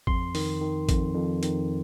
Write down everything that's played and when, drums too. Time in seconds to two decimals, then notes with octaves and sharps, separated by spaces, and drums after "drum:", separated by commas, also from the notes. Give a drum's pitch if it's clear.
0.07 F2 C6, drum: kick
0.35 D#3, drum: open hi-hat
0.61 D#3
0.89 F2, drum: kick, hi-hat
1.15 F2
1.43 D#3, drum: hi-hat